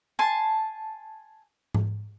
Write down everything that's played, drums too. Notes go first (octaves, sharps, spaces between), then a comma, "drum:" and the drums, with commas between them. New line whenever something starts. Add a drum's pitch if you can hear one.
G#5 A5 C6
drum: tom G#2